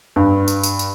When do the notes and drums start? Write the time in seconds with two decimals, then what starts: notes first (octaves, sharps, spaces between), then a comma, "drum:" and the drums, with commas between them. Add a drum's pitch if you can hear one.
0.16 G2
0.48 drum: tambourine
0.63 drum: tambourine
0.79 drum: tambourine